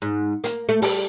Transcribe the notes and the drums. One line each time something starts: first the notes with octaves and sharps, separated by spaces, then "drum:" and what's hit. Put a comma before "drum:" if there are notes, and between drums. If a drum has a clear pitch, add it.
G#2
A#3, drum: hi-hat
A3
G3, drum: open hi-hat